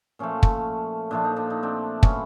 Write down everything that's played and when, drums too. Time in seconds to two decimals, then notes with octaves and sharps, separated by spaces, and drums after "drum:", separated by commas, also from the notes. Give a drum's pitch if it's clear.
0.19 A#2 F3 A3 C#4
0.43 drum: kick
1.11 A#2 F3 A3 D4
1.24 D#4
1.37 D4
1.50 D#4
1.63 C4 D4
2.03 A2 F#3 B3 C#4, drum: kick